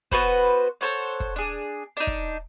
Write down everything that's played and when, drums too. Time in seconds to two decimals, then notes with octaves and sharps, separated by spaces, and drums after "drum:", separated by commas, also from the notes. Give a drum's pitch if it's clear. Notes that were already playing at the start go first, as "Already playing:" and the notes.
0.12 B3 F#4 B4 C5, drum: kick
0.81 A4 C5 C#5 F#5
1.20 drum: kick
1.36 D4 G#4
1.97 D4 D#4
2.07 drum: kick